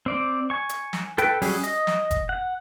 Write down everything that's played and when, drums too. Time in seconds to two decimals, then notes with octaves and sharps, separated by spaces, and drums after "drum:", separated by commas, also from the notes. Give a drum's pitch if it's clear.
0.06 C4 D5
0.50 G#5 C#6
0.69 drum: hi-hat
0.93 drum: snare
1.18 A4 B4 G5, drum: hi-hat
1.42 F#3 G3 C#4 G#4, drum: open hi-hat
1.64 D#5, drum: hi-hat
1.87 drum: snare
2.11 drum: kick F1, hi-hat
2.29 F#5